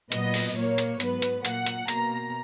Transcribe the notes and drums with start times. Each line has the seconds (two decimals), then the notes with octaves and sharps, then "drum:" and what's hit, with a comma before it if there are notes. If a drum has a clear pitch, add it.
0.12 A#2 F#3 B3 D#5, drum: hi-hat
0.34 drum: open hi-hat
0.56 A#2 A#3 C#5
0.78 drum: hi-hat
1.00 G#2 F#3 B3 B4, drum: hi-hat
1.22 drum: hi-hat
1.45 A#2 A#3 F#5, drum: hi-hat
1.66 drum: hi-hat
1.88 B2 A#3 A#5, drum: hi-hat